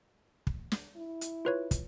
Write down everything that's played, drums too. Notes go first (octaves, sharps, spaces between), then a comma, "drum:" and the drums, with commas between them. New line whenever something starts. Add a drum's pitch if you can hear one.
drum: kick
drum: snare
E4
drum: hi-hat
F4 B4 C#5
drum: kick, hi-hat